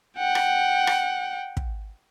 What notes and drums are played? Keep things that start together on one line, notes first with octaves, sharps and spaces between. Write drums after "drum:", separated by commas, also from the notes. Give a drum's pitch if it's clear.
F#5 G5
drum: rim click
drum: rim click
drum: kick